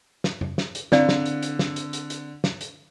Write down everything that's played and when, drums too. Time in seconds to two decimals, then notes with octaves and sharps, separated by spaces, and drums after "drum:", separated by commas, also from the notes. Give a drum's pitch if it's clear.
0.24 drum: snare
0.41 drum: tom F2
0.58 drum: snare
0.75 drum: hi-hat
0.92 D3 C4 E4 D5 F5, drum: snare
1.09 drum: snare
1.26 drum: hi-hat
1.42 drum: hi-hat
1.59 drum: snare
1.76 drum: hi-hat
1.93 drum: hi-hat
2.10 drum: hi-hat
2.44 drum: snare
2.61 drum: hi-hat